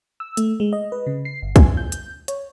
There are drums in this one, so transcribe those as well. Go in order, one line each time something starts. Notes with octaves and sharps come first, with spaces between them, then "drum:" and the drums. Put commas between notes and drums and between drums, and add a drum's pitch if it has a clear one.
E6
A3, drum: hi-hat
G#3
D#5
B4
C#3
C7
G1
G#5, drum: kick, hi-hat
G6
drum: hi-hat
C#5, drum: hi-hat